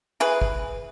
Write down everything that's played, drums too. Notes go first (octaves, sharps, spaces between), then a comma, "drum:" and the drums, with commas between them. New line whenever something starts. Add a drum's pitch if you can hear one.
E4 G#4 B4
drum: kick